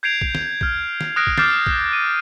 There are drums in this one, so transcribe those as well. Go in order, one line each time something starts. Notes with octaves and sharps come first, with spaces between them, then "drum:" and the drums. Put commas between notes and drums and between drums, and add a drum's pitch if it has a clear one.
G6 G#6 C7 D7 F7
drum: kick
drum: snare
F6 G6, drum: kick
drum: snare
D#6 F6 F#6 A#6 C7 D7
drum: kick
D6 F6 G6 A6 C7, drum: snare
drum: kick
D#7